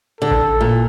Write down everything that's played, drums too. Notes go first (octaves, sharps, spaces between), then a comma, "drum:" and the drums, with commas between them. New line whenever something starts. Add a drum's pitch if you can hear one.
D3 A4
drum: kick A1
A#2